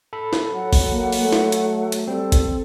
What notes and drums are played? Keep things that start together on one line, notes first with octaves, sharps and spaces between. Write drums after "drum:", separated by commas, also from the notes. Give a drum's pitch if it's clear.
A4 B5
drum: snare
F#3 F#5
drum: kick, open hi-hat
A#3
drum: open hi-hat
A3
drum: snare
drum: hi-hat
drum: hi-hat
G3 C4 A4
drum: kick, hi-hat